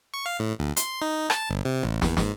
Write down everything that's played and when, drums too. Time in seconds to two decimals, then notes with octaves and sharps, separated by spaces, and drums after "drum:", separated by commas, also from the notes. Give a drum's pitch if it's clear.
0.14 C#6
0.26 F5
0.39 A2
0.59 D2
0.77 C6, drum: hi-hat
1.02 D#4
1.30 A5, drum: rim click
1.50 G1
1.65 C3
1.83 A1
2.02 E2, drum: snare
2.17 G#2, drum: snare